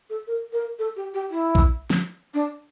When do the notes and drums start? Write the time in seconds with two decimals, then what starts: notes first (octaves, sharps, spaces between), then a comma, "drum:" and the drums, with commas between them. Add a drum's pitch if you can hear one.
0.10 A4
0.27 A#4
0.53 A#4
0.79 A4
0.96 G4
1.14 G4
1.31 E4
1.55 drum: kick
1.90 drum: snare
2.34 D4